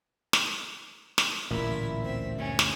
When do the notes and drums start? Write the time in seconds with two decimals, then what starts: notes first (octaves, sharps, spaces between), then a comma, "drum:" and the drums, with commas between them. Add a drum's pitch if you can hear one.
0.33 drum: snare
1.18 drum: snare
1.51 D1 A1 A#2 E4 E5
2.02 C4 E5
2.38 D2 G2 D3 C#4
2.59 drum: snare